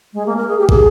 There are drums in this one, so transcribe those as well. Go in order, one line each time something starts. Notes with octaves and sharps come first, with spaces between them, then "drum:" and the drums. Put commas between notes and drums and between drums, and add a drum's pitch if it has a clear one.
G#3
A#3
A#4
G#4
G4
G#4, drum: kick